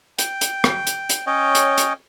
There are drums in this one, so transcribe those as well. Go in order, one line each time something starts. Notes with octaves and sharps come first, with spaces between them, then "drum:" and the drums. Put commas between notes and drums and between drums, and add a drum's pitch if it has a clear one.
G5, drum: hi-hat
drum: hi-hat
drum: rim click
drum: hi-hat
drum: hi-hat
C#4 C#5 D#5 G5
drum: hi-hat
drum: hi-hat